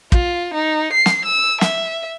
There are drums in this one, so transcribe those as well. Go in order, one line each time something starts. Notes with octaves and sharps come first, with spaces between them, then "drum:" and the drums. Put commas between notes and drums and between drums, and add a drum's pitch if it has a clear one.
F4, drum: kick
D#4
C7
drum: snare
E6
E5, drum: snare